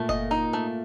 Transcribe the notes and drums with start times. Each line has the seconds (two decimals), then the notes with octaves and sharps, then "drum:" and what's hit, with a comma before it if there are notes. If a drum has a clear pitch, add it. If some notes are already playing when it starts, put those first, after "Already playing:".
Already playing: A#2 A3
0.09 D#5, drum: kick F#1
0.31 D#4
0.53 A3